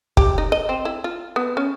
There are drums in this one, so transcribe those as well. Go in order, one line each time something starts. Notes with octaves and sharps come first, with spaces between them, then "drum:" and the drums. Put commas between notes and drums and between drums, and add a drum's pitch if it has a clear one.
G4, drum: kick
D#4
D#5
C4
E4
F4
B3
C#4